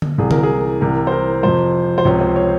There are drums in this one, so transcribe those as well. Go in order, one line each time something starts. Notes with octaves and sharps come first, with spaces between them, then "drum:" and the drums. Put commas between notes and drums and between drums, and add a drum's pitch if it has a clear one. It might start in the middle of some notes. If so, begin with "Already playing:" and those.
drum: tom D3
C2 C3 E3 G#4
A#4, drum: tom D3
G#4
C2 C3 E3 A#4
C5
A#4
F2 C3 F3 C5
C5
C#2 C3 F3 C#5
C5
C#5